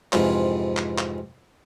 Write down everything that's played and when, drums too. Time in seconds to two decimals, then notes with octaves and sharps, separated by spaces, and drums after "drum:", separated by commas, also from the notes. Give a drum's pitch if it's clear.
0.13 F2 G#2 C3 E3 F3, drum: clap
0.77 drum: clap
0.98 drum: clap